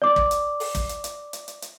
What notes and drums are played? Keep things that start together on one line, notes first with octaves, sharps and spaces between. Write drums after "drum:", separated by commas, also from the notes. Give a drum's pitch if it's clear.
D5 D6
drum: kick
drum: hi-hat
drum: open hi-hat
drum: kick, hi-hat
drum: hi-hat
drum: hi-hat
drum: hi-hat
drum: hi-hat
drum: hi-hat